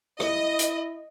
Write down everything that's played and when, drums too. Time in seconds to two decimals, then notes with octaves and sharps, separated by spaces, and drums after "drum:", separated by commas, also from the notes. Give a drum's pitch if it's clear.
0.20 E4 D#5, drum: rim click
0.59 drum: hi-hat